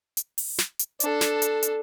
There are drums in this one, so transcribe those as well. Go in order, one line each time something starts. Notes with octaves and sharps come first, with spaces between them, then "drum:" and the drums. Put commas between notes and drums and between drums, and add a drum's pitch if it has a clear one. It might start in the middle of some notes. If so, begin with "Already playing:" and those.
drum: hi-hat
drum: open hi-hat
drum: snare
drum: hi-hat
D4 A4, drum: hi-hat
drum: snare
drum: hi-hat
drum: hi-hat